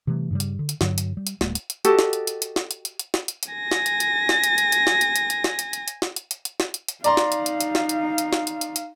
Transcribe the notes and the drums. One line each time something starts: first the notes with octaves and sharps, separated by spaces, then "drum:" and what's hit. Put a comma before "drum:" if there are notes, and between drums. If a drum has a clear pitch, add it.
C3 E3 G3 A3
G2 C#3 G3
drum: hi-hat
D3
drum: hi-hat
G2 D3 F#3, drum: snare
drum: hi-hat
G3
drum: hi-hat
D1 G#3 A#3, drum: snare
drum: hi-hat
drum: hi-hat
F#4 G4 A4 D#5, drum: hi-hat
drum: snare
drum: hi-hat
drum: hi-hat
drum: hi-hat
drum: snare
drum: hi-hat
drum: hi-hat
drum: hi-hat
drum: snare
drum: hi-hat
drum: hi-hat
G#5 A#6
drum: snare
drum: hi-hat
drum: hi-hat
drum: snare
drum: hi-hat
drum: hi-hat
drum: hi-hat
drum: snare
drum: hi-hat
drum: hi-hat
drum: hi-hat
drum: snare
drum: hi-hat
drum: hi-hat
drum: hi-hat
drum: snare
drum: hi-hat
drum: hi-hat
drum: hi-hat
drum: snare
drum: hi-hat
drum: hi-hat
D#4 D5 F5 A#5 C6, drum: hi-hat
drum: snare
drum: hi-hat
drum: hi-hat
drum: hi-hat
drum: snare
drum: hi-hat
drum: hi-hat
drum: snare
drum: hi-hat
drum: hi-hat
drum: hi-hat